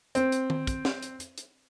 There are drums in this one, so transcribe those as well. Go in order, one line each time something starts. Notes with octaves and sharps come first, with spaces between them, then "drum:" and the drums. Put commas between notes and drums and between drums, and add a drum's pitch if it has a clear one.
C4, drum: hi-hat
drum: hi-hat
drum: tom D#3
drum: kick, hi-hat
drum: snare
drum: hi-hat
drum: hi-hat
drum: hi-hat